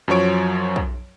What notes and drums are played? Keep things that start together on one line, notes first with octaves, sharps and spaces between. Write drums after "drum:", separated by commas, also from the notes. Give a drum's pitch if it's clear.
F#2 F3 F#3 C#5 D7
drum: kick